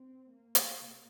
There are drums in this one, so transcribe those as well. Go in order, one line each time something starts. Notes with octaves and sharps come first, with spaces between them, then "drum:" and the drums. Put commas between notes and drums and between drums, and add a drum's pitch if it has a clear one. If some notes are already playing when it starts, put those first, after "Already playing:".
Already playing: C4
A#3
drum: hi-hat
C3